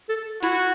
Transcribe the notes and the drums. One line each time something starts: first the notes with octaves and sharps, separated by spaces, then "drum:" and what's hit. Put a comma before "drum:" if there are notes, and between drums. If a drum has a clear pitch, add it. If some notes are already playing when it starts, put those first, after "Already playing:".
A4
E4 F#4, drum: tambourine